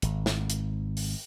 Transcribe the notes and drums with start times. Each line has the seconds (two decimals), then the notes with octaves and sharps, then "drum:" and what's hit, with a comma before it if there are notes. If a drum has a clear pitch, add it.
0.02 G#1, drum: hi-hat
0.26 drum: snare
0.50 drum: hi-hat
0.97 drum: open hi-hat